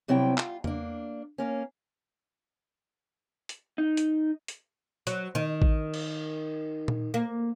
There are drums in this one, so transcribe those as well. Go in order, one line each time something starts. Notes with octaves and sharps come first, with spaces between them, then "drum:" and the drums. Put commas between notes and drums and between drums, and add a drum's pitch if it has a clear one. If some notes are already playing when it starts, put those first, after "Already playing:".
C3 F#3 G3 C4 E4 G5
F4, drum: clap
A#3 D4, drum: tom E2
A#3 C#4
drum: hi-hat
D#4
drum: hi-hat
drum: hi-hat
F#3, drum: hi-hat
D#3
drum: kick A1
drum: cymbal
drum: tom A#2
A#3